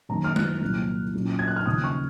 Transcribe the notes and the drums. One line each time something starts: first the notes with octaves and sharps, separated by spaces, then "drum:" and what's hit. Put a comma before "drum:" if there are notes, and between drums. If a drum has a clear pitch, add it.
F#2 D#3 F#3 A#3 A#5
F6
F#6, drum: tom
C2 A#2 F#3 A#3
A#2 F#3 C#4
G#6
F#6
F6
D#2 C#3 F3 A#3 D#6
C#6